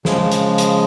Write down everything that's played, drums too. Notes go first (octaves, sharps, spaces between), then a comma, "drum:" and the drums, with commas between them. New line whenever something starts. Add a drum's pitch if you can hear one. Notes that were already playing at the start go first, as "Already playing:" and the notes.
C#3 F3 G#3, drum: snare
drum: hi-hat
drum: hi-hat